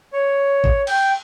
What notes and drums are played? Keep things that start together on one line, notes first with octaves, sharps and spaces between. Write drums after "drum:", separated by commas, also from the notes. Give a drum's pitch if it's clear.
C#5
drum: kick A1
G5, drum: cymbal